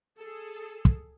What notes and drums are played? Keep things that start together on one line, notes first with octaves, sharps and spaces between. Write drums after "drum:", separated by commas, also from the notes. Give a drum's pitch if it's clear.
G#4 A4
drum: kick